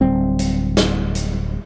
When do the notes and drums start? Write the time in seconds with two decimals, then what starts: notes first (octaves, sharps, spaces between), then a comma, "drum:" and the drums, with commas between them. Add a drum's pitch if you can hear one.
0.01 D1 G3 C4
0.39 drum: hi-hat
0.77 drum: snare
1.15 drum: hi-hat